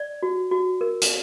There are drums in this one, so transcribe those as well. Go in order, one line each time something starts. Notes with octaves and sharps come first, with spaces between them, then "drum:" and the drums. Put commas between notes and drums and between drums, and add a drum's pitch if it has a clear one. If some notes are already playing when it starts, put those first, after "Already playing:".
Already playing: D5
F#4
F#4
A#4
drum: hi-hat